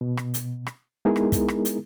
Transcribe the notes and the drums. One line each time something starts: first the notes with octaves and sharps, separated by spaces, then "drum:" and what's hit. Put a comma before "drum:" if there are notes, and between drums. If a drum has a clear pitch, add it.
B2
drum: rim click
drum: hi-hat
drum: rim click
G#3 B3 D#4 E4 G#4 A#4
drum: rim click
drum: kick, hi-hat
drum: rim click
drum: hi-hat